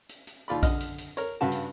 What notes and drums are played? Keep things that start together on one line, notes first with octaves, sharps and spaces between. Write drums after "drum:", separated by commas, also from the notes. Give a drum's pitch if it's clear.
drum: hi-hat
drum: hi-hat
D#2 F4 D5 B5
D3 D#5 F6, drum: kick A#1, hi-hat
drum: hi-hat
drum: hi-hat
A#4 C#5, drum: hi-hat
G2 C#3 D4 F#4 A5
drum: hi-hat